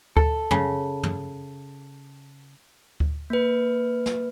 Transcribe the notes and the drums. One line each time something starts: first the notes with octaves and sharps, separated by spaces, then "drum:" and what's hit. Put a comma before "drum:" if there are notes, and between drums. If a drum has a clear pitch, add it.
A4, drum: kick D2
C#3, drum: tom
drum: tom
drum: kick D2
A#3 B4
drum: snare